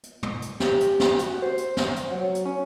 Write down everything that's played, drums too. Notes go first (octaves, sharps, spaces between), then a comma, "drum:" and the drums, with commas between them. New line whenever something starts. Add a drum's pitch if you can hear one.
drum: hi-hat
drum: tom
drum: hi-hat
G4, drum: snare
drum: hi-hat
drum: snare
F#4, drum: hi-hat
C5
drum: hi-hat
drum: snare
drum: hi-hat
F#3
drum: hi-hat
C#4